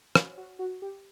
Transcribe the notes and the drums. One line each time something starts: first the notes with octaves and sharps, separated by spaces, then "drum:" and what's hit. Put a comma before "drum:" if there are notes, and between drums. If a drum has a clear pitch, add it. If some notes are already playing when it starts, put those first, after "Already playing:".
F#4, drum: rim click
F#4
F#4
G4